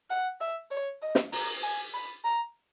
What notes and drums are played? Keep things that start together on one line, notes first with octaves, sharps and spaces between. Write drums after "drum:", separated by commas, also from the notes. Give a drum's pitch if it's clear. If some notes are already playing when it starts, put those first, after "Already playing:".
F#5
E5
C#5
D#5
drum: snare
A#5, drum: open hi-hat
G#5
B5
A#5